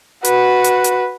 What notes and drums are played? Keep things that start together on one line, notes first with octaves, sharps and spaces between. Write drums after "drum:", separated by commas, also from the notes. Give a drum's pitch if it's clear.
F#4 B4, drum: hi-hat
drum: hi-hat
drum: hi-hat